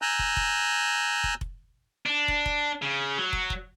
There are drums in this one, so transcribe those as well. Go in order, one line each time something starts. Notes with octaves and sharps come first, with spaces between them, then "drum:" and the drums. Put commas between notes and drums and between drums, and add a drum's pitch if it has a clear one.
G#5 A#5 E6 F#6 G6
drum: kick
drum: kick
drum: kick
drum: kick
D4
drum: kick
drum: kick
C#3
F#3
drum: kick
drum: kick